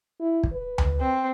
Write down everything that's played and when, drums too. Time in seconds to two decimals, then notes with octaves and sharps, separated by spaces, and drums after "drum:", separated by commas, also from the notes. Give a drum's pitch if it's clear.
0.20 E4
0.43 drum: kick
0.53 B4
0.78 drum: tom D2
1.01 C4